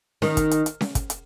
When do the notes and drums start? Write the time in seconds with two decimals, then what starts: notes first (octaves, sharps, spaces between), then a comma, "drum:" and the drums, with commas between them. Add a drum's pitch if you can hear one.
0.22 D#3, drum: snare C#4
0.37 drum: kick, hi-hat
0.51 drum: hi-hat
0.66 drum: hi-hat
0.81 drum: snare C#4
0.95 drum: kick, hi-hat
1.10 drum: hi-hat